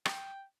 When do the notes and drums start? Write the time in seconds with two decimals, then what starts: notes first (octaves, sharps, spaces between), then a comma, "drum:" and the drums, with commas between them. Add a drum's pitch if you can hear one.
0.06 G5, drum: rim click